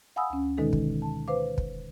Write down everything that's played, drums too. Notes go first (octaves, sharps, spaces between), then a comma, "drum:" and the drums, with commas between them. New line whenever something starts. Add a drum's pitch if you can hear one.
F5 F#5 G#5 B5 D#6 E6
D2 C#4
B2 D3 D#3 G#3 D#4 A4
drum: kick
A5
B4 C5 F5 D6
drum: kick